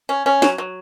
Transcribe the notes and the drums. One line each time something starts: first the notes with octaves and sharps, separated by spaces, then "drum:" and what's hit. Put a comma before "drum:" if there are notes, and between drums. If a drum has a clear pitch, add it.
C#4
C#4
F#3, drum: snare
F#3